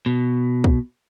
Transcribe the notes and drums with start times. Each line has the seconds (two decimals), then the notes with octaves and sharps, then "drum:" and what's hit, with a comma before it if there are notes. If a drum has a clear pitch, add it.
0.06 B2
0.64 drum: kick